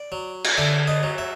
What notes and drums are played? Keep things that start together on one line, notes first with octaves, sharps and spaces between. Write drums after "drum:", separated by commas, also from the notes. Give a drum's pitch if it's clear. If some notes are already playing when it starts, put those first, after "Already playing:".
Already playing: D5
F#3
drum: cymbal
D3 E5
D#5
F#3
E5